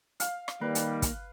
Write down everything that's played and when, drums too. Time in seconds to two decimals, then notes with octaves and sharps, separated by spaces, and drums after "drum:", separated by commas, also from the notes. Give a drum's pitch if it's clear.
0.20 F5, drum: hi-hat
0.48 drum: rim click
0.61 D#3 G3 A#3 B4
0.75 drum: hi-hat
1.02 drum: kick, hi-hat